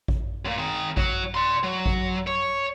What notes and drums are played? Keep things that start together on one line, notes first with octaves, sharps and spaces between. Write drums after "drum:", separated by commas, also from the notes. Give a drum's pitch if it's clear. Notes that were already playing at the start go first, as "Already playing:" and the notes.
drum: kick A1
F#2 A#2
D#3 G#4
F#3, drum: kick A1
D5 C6
F#3
drum: kick A1
C#5